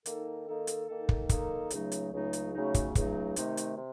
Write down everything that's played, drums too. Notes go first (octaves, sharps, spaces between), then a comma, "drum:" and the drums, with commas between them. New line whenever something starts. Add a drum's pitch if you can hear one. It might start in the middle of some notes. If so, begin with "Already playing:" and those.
D#3 A#3 D#4 A4, drum: hi-hat
D#3 A#3 D#4 A4
drum: hi-hat
D#3 A#3 D#4 A4
drum: kick
D#3 A#3 D#4 A4, drum: kick, hi-hat
C#2 C#3 F#3 A3 D#4, drum: hi-hat
drum: hi-hat
C#2 C#3 F#3 A3 D#4
drum: hi-hat
C#2 C#3 F#3 A3 D#4
drum: kick, hi-hat
C#2 C#3 F#3 A3 D#4, drum: kick, hi-hat
C3 D#3 A3 D#4, drum: hi-hat
drum: hi-hat
C3